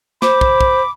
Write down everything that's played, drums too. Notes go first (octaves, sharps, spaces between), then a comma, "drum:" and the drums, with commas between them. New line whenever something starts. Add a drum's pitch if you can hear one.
C5 B5 D6, drum: snare
drum: kick
drum: kick